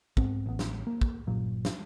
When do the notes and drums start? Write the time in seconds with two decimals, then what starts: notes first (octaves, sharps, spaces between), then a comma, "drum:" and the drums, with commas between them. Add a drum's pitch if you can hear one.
0.17 G#2 B3 C4, drum: kick
0.46 A1 B3
0.59 drum: snare
0.87 A#3
1.01 drum: kick
1.27 G1 A#2 F#3
1.65 drum: snare